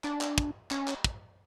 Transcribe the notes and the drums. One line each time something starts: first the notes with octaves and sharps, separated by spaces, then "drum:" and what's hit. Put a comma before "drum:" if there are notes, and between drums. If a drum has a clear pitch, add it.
D4, drum: clap
drum: clap
drum: kick
C#4, drum: clap
drum: clap
drum: kick